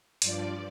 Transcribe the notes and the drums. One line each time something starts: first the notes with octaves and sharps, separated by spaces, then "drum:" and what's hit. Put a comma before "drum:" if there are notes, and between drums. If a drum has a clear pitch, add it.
G2 F3 D5, drum: hi-hat